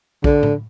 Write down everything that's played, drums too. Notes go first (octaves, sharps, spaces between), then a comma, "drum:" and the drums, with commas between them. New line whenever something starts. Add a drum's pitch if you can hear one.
D3, drum: kick A#1
drum: tom A2